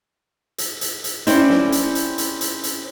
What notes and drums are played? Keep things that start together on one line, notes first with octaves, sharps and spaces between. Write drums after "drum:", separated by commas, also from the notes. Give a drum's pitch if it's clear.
drum: hi-hat
drum: hi-hat
drum: hi-hat
C4 C#4 E4 C5 D5, drum: hi-hat
drum: snare
drum: hi-hat
drum: hi-hat
drum: hi-hat
drum: hi-hat
drum: hi-hat